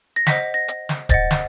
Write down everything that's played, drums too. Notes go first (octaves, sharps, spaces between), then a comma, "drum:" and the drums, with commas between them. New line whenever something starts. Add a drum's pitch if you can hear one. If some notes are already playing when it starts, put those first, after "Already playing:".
A#6
C5 D#5 F#5 B6, drum: snare
A#6
drum: hi-hat
drum: snare
C5 D#5 F#5 A6, drum: kick D1, hi-hat
drum: snare